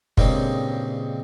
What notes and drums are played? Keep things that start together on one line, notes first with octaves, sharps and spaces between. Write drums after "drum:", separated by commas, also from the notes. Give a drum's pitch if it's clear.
G2 A#2 C#3 G3 G#3 C4, drum: kick